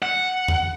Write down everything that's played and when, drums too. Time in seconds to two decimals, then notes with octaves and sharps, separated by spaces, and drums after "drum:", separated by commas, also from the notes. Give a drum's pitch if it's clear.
0.02 F#5
0.48 drum: tom E2